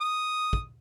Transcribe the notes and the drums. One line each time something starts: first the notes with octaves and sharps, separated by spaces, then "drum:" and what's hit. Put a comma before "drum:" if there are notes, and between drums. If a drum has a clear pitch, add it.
D#6
drum: kick